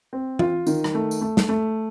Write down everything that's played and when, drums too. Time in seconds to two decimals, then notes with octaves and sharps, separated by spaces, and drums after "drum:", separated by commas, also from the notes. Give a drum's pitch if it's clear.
0.13 C4
0.39 F4, drum: tom E3
0.67 D#3, drum: tambourine
0.84 drum: rim click
0.94 A3
1.11 drum: tambourine
1.21 A3
1.37 drum: snare
1.49 A3